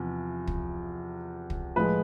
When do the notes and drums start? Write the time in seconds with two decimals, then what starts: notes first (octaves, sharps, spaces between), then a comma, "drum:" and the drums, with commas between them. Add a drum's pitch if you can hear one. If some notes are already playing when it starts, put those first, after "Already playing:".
Already playing: E2 C3 F3
0.47 drum: kick
1.50 drum: kick
1.76 A2 F3 G#3 B4